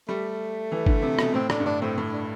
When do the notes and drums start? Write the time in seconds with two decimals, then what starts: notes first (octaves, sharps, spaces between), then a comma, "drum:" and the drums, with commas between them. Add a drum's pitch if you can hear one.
0.09 G3 A3
0.72 E3
0.86 D3, drum: kick
1.02 C3
1.19 B2, drum: rim click
1.34 A2 C4
1.50 A2 D4, drum: rim click
1.60 G2
1.66 A2 D4
1.82 A2 C4
1.98 A2
2.13 D4